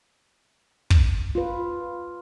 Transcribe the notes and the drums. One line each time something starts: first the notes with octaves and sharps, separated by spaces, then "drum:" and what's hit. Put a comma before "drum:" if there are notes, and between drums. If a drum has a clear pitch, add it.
drum: kick
F4 B4